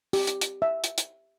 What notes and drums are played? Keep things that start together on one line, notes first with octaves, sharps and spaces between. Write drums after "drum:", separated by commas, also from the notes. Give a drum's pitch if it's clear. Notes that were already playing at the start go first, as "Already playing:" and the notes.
G4, drum: open hi-hat
drum: hi-hat
drum: hi-hat
E5
drum: hi-hat
drum: hi-hat